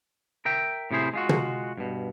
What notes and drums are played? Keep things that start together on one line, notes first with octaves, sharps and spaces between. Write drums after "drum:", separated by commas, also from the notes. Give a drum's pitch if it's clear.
A#4 E5 G5
A2 C3 E4 G#4 C5
G#3 F4 F#4
drum: tom
G2 B2